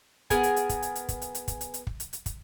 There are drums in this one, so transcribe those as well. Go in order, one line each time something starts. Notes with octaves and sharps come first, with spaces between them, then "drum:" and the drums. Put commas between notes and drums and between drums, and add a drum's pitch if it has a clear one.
B3 G#4 A#4 G#5, drum: kick, hi-hat
drum: hi-hat
drum: hi-hat
drum: kick, hi-hat
drum: hi-hat
drum: hi-hat
drum: kick, hi-hat
drum: hi-hat
drum: hi-hat
drum: kick, hi-hat
drum: hi-hat
drum: hi-hat
drum: kick
drum: hi-hat
drum: hi-hat
drum: kick, hi-hat